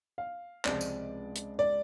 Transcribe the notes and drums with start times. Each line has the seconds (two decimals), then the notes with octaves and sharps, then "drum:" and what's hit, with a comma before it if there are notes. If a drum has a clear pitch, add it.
0.18 F5
0.65 C#2 C3 F3 G#3 D5, drum: clap
0.81 drum: tambourine
1.36 drum: hi-hat
1.59 D5